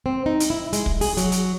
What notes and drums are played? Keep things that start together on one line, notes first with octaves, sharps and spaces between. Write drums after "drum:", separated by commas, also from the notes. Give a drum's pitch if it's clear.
C4
D#4
drum: hi-hat
E4
G#3, drum: hi-hat
drum: kick
G#4, drum: open hi-hat
F#3, drum: hi-hat
drum: hi-hat